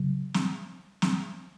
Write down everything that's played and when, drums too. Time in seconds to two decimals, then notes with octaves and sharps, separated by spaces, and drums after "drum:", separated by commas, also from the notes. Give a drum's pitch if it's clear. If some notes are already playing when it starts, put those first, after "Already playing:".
Already playing: C#3 F#3
0.34 drum: snare
1.02 drum: snare